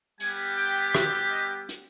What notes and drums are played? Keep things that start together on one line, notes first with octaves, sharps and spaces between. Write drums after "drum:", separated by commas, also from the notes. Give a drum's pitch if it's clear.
G3 B3 G4 G#5, drum: open hi-hat
G5
drum: rim click
D#5
drum: hi-hat